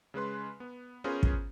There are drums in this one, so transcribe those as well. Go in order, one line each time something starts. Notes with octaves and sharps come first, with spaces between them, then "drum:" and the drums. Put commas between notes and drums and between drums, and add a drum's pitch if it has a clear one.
C#3 G#3 B4 C6
B3
B3 C#4 F4 G#4 A#4 C5
drum: kick